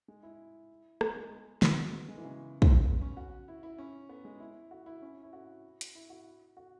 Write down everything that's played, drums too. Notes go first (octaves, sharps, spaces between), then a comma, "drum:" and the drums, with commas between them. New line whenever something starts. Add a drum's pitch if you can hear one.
G#3
E4
B3, drum: rim click
G#3
F#3, drum: snare
B3
G#3
E3
C#3
drum: kick
B3
C#4
F#4
E4
E4
C#4
B3
G#3
E4
F#4
E4
C#4
E4
F#4
drum: hi-hat
E4
F#4
F#4